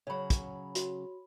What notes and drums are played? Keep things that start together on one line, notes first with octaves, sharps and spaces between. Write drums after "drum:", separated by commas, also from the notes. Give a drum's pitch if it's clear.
C#3 F#3 C#5 B5
drum: kick, hi-hat
F#4, drum: hi-hat